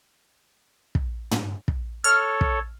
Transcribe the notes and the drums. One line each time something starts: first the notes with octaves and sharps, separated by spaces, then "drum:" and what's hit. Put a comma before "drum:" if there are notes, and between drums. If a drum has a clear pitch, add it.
drum: kick
drum: tom
drum: kick
A4 C#5 F6
drum: kick